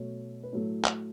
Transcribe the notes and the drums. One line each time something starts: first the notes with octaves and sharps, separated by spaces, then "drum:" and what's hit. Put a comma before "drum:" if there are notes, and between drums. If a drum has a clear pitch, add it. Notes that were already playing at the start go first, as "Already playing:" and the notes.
Already playing: B2 F#3 A3 C#5
B4
A2 F#3 A3 C#5
drum: clap